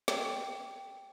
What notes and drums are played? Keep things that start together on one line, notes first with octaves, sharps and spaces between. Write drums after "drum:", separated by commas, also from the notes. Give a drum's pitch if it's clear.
G5, drum: snare